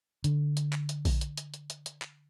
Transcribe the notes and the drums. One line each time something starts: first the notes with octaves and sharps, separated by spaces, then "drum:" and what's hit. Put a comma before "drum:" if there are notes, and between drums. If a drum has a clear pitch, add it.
D3, drum: hi-hat
drum: hi-hat
drum: clap
drum: hi-hat
drum: kick A#1, open hi-hat
drum: hi-hat
drum: hi-hat
drum: hi-hat
drum: hi-hat
drum: hi-hat
drum: clap